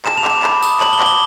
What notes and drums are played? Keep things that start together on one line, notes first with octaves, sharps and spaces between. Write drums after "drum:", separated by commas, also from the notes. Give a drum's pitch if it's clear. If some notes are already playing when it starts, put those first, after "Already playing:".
A5 E7, drum: clap
F7
D6, drum: clap
E7
B5, drum: clap
D#6, drum: tambourine
A5 F#7, drum: clap
G7
D6, drum: clap
G7